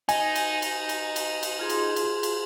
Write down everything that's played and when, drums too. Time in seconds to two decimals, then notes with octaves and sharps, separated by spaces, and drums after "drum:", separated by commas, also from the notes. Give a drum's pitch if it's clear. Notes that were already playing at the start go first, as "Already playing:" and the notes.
0.09 D#4 G#5, drum: cymbal
0.35 drum: cymbal
0.62 drum: cymbal
0.89 drum: cymbal
1.16 drum: cymbal
1.43 drum: cymbal
1.59 F4 G#4 C6
1.70 drum: cymbal
1.96 drum: cymbal
2.23 drum: cymbal